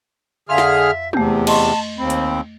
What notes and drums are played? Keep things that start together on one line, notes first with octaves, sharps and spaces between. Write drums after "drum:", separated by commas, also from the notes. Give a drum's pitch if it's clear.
F2 D3 G#4 E5 F5 C6 F6
drum: snare
E2 C3 A3 G6, drum: tom
D#5 A5 C6 C#6, drum: cymbal
D#2 C4 B5
drum: hi-hat